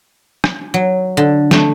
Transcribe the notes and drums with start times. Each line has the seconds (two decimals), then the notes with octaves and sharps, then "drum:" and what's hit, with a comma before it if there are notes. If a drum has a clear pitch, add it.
0.44 drum: rim click
0.74 F#3
1.17 D3
1.51 A3, drum: snare